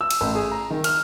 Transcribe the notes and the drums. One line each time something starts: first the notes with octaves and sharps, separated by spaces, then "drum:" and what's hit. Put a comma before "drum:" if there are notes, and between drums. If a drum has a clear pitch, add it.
E6
drum: cymbal
A1
G#4
A#5
D#3
F6, drum: cymbal